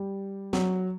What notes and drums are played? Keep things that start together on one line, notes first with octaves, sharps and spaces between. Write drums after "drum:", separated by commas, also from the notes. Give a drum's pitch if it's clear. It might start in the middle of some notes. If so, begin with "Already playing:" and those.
Already playing: G3
F#3, drum: snare